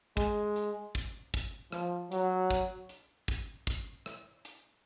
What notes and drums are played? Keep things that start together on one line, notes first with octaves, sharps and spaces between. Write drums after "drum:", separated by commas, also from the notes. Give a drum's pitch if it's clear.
G#3, drum: kick, hi-hat
drum: hi-hat
drum: kick, hi-hat
drum: kick, hi-hat
F3, drum: rim click
F#3, drum: hi-hat
drum: kick, hi-hat
drum: hi-hat
drum: kick, hi-hat
drum: kick, hi-hat
drum: rim click
drum: hi-hat